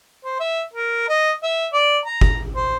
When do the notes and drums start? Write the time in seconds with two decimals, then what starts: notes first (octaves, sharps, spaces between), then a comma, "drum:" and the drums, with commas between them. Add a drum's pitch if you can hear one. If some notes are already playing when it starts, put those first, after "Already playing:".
0.25 C5
0.40 E5
0.74 A#4
1.09 D#5
1.43 E5
1.73 D5
2.06 A#5
2.21 drum: kick
2.56 C5